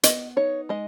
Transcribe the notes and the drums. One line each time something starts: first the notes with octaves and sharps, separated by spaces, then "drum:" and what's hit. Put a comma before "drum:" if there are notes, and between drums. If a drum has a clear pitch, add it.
B3 D#5, drum: hi-hat
D#4 C#5
G#3 D#5